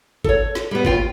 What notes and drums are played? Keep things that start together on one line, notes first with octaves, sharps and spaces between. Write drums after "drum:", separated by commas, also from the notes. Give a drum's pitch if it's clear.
A4 C#5, drum: kick G#1
drum: snare
G3 B3
D#2 F4 G5, drum: kick G#1